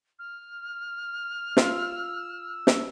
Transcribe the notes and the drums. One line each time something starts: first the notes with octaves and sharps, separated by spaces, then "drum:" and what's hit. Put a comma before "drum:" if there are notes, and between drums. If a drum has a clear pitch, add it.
F6
F4 E6, drum: snare
drum: snare